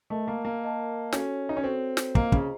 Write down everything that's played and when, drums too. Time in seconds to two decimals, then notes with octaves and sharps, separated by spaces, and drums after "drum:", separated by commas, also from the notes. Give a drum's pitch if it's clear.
0.10 A3 A#4 D#5 A5
0.28 A#3
0.45 A#3
0.62 A#4 D#5 A5
1.12 C#4 F#4 A4 C#5, drum: snare
1.49 D#4
1.57 C#4
1.64 C4 F#4 A4 C#5
1.97 drum: snare
2.15 A#3 F4 C5 D#5 A#5, drum: kick
2.32 C#3, drum: kick